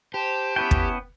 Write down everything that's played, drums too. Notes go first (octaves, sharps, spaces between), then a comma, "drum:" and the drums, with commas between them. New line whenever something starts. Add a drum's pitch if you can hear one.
G4 C5 A5
B3 C#4 E4 B4 G5 C#6
drum: kick